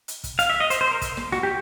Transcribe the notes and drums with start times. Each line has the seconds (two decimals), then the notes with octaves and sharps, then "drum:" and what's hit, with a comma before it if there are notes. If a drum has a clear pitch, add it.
0.08 drum: hi-hat
0.24 drum: kick, hi-hat
0.39 F5, drum: hi-hat
0.50 E5
0.60 D#5
0.70 C5, drum: hi-hat
0.81 C5
0.91 A#4
1.02 drum: kick, hi-hat
1.17 drum: snare
1.32 F#4, drum: snare
1.43 G4